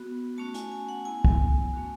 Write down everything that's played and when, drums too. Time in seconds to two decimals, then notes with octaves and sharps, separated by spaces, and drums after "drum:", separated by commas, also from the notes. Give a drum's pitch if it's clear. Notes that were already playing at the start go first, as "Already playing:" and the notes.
Already playing: B3 F#4
0.38 A3 C#4 F#4 A5
0.54 G#5, drum: hi-hat
0.72 G#5
0.89 F#5
1.05 B3 E4 G#5
1.25 drum: kick
1.74 A3 C#4 F#4